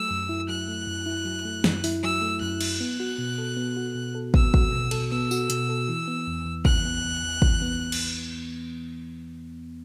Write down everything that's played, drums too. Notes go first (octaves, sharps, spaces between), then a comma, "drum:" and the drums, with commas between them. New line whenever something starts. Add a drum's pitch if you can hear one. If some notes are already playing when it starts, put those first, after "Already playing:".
Already playing: F#3 A3 E6
F#2
E4
F#3 F#6
A3
F#2
E4
F#3
A3
F#2, drum: snare
E4, drum: open hi-hat
F#3 E6
A3
F#2 F#6
E4, drum: cymbal
B3
F#4
B2
A4
B3
F#4
B2
A4
B3 E6, drum: kick
F#4, drum: kick
B2
A4, drum: cymbal
B3 E6
F#4, drum: tambourine
B2, drum: hi-hat
A4
E3
B3
E2
E2
E3 F#6, drum: kick
B3
E2
E2
E3, drum: kick
B3
drum: cymbal